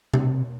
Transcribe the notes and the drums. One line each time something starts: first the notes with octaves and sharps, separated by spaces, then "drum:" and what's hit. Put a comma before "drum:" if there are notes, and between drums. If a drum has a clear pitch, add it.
C3, drum: tom B2